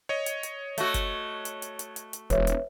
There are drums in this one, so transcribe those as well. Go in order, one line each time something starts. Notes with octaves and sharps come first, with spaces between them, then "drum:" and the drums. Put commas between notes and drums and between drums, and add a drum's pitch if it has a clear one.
C#5 D#5
drum: hi-hat
drum: hi-hat
A3 F#4, drum: hi-hat
drum: kick F#1, hi-hat
drum: hi-hat
drum: hi-hat
drum: hi-hat
drum: hi-hat
drum: hi-hat
E1 B4 C#5 E5, drum: kick F#1, hi-hat
drum: hi-hat